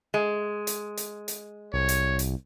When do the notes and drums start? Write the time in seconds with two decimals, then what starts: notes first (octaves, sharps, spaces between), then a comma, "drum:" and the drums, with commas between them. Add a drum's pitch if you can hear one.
0.14 G#3
0.67 drum: hi-hat
0.97 drum: hi-hat
1.28 drum: hi-hat
1.73 C2 C#5
1.89 drum: hi-hat
2.19 drum: hi-hat